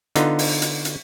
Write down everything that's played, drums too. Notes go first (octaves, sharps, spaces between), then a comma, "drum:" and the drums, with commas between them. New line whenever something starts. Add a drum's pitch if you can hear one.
D3 B3 D#4 F4, drum: hi-hat
drum: open hi-hat
drum: hi-hat
drum: hi-hat